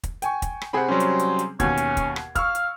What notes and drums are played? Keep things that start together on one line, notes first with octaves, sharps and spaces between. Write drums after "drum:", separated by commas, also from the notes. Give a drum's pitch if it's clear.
drum: kick, hi-hat
G5 G#5 C#6, drum: hi-hat
drum: kick, hi-hat
drum: rim click
C3 C4 G#4 F#5 B5
F#3 G3 C#4 C5
drum: hi-hat
drum: hi-hat
drum: hi-hat
D#2 B2 C#4 G#6, drum: kick, hi-hat
drum: hi-hat
drum: kick, hi-hat
drum: rim click
F5 C#6 E6 F6, drum: kick, hi-hat
drum: hi-hat